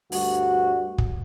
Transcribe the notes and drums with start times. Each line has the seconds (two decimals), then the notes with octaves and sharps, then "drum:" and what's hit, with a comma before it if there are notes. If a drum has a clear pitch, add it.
0.12 D2 G2 F#4, drum: open hi-hat
0.98 drum: kick